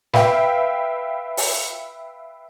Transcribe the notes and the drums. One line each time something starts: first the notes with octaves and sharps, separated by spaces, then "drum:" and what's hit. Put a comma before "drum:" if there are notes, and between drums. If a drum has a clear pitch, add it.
B4 E5 F5 G5, drum: snare
drum: open hi-hat